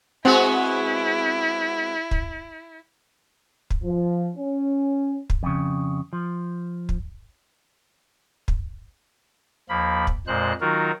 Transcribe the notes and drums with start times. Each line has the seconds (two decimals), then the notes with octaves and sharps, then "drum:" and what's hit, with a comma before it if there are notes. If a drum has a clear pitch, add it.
0.25 G#3 B3 C4 E4 F#4 F#5
2.11 drum: kick
3.70 drum: kick
3.84 F3
4.37 C#4
5.30 drum: kick
5.43 F2 C#3
6.13 F3
6.89 drum: kick
8.48 drum: kick
9.69 D#2 F3 A#3 B5
10.07 drum: kick
10.27 F2 A#2 G#3 C5 F#6
10.61 D#3 F#3 D#4 F4 F#4 A#4